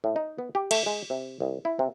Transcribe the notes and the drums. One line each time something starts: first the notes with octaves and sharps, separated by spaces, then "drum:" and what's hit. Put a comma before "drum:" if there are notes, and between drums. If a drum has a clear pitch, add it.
A2
D#4
B3
G4
A3, drum: cymbal
G#3
C3
C2
E4
C3